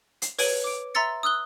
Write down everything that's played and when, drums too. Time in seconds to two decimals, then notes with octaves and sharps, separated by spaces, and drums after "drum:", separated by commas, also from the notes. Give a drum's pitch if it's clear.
0.22 C7, drum: hi-hat
0.39 B4 C#5 G#6 D7 D#7 F#7, drum: open hi-hat
0.64 D6 D7
0.95 E5 A#5 C6 E6 A6 C#7
1.23 D#6 E6 F#6 G7